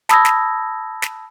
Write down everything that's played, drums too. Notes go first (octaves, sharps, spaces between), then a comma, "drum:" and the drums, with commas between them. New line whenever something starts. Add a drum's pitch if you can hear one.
A5 B5 D#6 E6 G#6 A#6, drum: snare
drum: snare
drum: snare